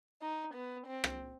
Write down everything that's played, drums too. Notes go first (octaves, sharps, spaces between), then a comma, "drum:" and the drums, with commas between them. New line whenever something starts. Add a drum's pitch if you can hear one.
D#4
B3
C4
drum: rim click